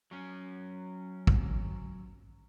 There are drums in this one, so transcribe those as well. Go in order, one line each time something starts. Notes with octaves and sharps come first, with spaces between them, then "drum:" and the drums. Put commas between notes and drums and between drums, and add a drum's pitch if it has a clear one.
F#3 C#4
drum: kick